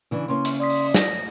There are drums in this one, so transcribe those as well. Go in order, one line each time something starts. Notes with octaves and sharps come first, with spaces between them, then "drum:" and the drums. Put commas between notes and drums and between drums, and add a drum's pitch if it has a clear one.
C#3 E3 D4
C#3 A#3 C#4 C6
drum: hi-hat
D5 C6 D#6 B6
drum: open hi-hat
A#6, drum: snare